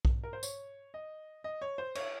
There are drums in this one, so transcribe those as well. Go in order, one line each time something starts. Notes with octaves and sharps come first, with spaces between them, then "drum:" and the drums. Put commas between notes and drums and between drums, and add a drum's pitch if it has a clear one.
drum: kick B1
A#4
C5
C#5, drum: tambourine
D#5
D#5
C#5
C5
C#5, drum: cymbal